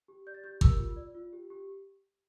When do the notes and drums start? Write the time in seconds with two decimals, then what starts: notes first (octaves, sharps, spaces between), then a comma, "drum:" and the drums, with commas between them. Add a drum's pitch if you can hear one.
0.08 G4
0.27 D5 G6
0.34 A6
0.44 G4 G6
0.61 A#4 E6, drum: kick G#1
0.79 F4
0.96 D5
1.15 F4
1.33 G4
1.50 G4